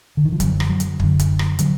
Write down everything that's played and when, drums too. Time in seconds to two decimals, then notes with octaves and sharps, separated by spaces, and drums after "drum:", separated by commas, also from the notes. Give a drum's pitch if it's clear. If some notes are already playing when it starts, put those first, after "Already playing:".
0.17 D3
0.25 D#3
0.32 F3
0.40 F#2 D3 F#3, drum: kick, hi-hat
0.60 drum: rim click
0.69 F#3
0.80 drum: hi-hat
0.99 F#2 D3, drum: kick
1.19 drum: kick, hi-hat
1.39 drum: rim click
1.59 D3 F#3, drum: hi-hat